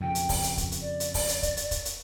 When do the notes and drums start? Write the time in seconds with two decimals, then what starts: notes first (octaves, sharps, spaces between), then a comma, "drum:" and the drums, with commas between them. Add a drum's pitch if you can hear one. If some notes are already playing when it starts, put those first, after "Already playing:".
0.01 F2 C#3 G5
0.15 drum: hi-hat
0.29 drum: kick, open hi-hat
0.43 drum: hi-hat
0.57 drum: kick, hi-hat
0.72 drum: hi-hat
0.81 D5
1.00 drum: hi-hat
1.14 drum: kick, open hi-hat
1.28 drum: hi-hat
1.43 drum: kick, hi-hat
1.57 drum: hi-hat
1.71 drum: kick, hi-hat
1.85 drum: hi-hat